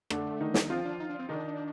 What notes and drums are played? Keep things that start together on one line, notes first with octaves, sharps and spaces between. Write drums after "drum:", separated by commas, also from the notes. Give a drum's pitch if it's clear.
D3 A3 D4, drum: rim click
D#3 D#4
drum: snare
F3 C4 F4
D4
D#4
D4
C4
D#3 D4 D#4